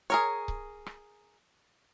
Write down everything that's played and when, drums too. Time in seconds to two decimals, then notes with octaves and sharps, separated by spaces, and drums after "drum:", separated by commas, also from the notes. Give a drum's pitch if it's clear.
0.10 G#4 A#4 C#5, drum: hi-hat
0.48 drum: kick C#1
0.86 drum: rim click